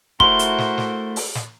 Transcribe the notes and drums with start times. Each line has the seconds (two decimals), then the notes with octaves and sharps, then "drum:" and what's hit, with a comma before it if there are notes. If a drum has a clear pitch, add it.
0.20 A3 E4 F#4 A#4 C5 C6 G7, drum: kick
0.39 drum: hi-hat
0.58 drum: snare
0.78 drum: snare
1.16 drum: open hi-hat
1.35 drum: snare